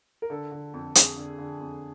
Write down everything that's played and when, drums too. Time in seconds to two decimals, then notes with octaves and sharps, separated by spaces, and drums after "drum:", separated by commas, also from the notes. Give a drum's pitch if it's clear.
0.22 A#4
0.30 D3 A4
0.52 D3
0.74 F2
0.95 F2 G#4, drum: hi-hat
1.17 D3
1.38 D3
1.60 F2